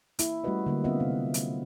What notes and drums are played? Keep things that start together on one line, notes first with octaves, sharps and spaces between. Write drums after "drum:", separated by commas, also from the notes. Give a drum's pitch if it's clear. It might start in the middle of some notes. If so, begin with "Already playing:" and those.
A#3 E4, drum: hi-hat
G3 A3 C#4 F#4 B4 D#5
D3 F#3 A#3
B3 C4 F4 D#5 E5 F#5
C3 A#3 F5
drum: hi-hat